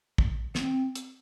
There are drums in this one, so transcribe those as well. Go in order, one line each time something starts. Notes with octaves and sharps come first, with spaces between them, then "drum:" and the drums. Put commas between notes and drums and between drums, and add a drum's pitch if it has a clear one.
drum: kick
B3, drum: snare
C4
drum: hi-hat